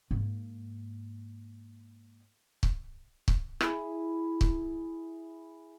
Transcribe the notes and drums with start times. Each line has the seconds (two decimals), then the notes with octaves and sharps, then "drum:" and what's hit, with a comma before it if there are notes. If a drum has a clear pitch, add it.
0.11 G#2 A#3
2.63 drum: kick
3.28 drum: kick
3.61 E4 G#4, drum: rim click
4.41 drum: kick